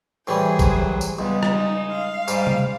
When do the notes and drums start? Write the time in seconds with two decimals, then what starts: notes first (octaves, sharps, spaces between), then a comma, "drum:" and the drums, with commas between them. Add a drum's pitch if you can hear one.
0.27 A2 E3 G3 G#4 C5
0.59 F#3, drum: kick, tambourine
1.01 drum: tambourine
1.19 C#2 G3 G#3 B3
1.43 drum: rim click
1.53 D#4
1.91 F5
2.28 G#2 G3 D6, drum: tambourine
2.47 drum: tom C3